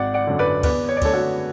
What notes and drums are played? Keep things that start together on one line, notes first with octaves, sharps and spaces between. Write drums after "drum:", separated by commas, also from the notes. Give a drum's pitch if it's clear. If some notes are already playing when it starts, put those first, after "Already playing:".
Already playing: G#1 D5 F#5
D5 F#5
F#2 D3
B4 D5
E2 B4 D5, drum: kick, cymbal
C#5
D5
D3 A3 A4 C#5, drum: kick, cymbal
F#4 A4